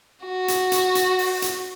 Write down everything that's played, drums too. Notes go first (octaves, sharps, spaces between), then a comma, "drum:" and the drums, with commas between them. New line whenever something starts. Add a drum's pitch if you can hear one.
F#4
drum: hi-hat
drum: hi-hat
drum: hi-hat
drum: open hi-hat
drum: hi-hat